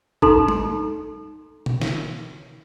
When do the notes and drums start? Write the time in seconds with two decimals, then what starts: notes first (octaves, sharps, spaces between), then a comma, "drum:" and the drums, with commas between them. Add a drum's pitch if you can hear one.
0.22 D#4 A4 A#5 C6, drum: kick
0.48 drum: tom
1.66 drum: tom B2
1.81 drum: snare